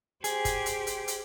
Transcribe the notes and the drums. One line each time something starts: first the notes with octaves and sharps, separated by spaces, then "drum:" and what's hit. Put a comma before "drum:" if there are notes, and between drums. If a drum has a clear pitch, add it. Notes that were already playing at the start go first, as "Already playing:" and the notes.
G4 G#4 C5, drum: hi-hat
drum: kick, hi-hat
drum: hi-hat
drum: hi-hat
drum: hi-hat